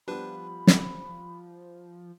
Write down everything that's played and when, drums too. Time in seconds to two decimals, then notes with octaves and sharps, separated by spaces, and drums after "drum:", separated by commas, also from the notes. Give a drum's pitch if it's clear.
0.08 F3 G3 B3 D4 B4 B5
0.67 drum: snare